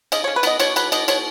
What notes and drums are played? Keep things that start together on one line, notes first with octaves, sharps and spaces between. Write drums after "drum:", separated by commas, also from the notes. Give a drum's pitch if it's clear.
C#3 D#5, drum: cymbal
C#3 C#5
B4
B3 D#5, drum: cymbal
B2 C#5, drum: cymbal
F#3 B4, drum: cymbal
B2 D#5, drum: cymbal
B2 C#5, drum: cymbal